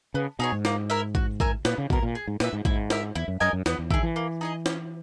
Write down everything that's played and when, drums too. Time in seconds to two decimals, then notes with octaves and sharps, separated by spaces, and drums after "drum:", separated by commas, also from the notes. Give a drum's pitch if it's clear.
0.14 C#3 B3
0.39 B2 D#4 G#4 C#5
0.52 G#2
0.65 A#3, drum: snare
0.90 E4 A#4 E5
1.15 F#4, drum: kick
1.40 A#4 E5 G#5, drum: kick
1.65 A#2 B3, drum: snare
1.78 C#3
1.90 B2 E4 A#4, drum: kick
2.03 A#2
2.15 G#4
2.28 G#2
2.40 A#2 B4 E5, drum: snare
2.53 G#2
2.65 G#2 E4, drum: kick
2.90 A#4 E5, drum: snare
3.15 E2 E4
3.28 F#2
3.40 F#2 A#4 D#5 G#5
3.53 F#2
3.66 E2 B3, drum: snare
3.79 E2
3.91 D#3 E4 G#4, drum: kick
4.03 E3
4.16 A#3
4.41 D#4 G#4 D#5
4.66 C#4, drum: snare